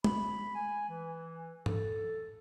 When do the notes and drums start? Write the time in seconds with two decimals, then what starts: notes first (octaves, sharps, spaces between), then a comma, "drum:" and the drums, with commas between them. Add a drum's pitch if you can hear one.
0.04 B5, drum: tom
0.55 G#5
0.89 E3
1.66 A4, drum: tom G#2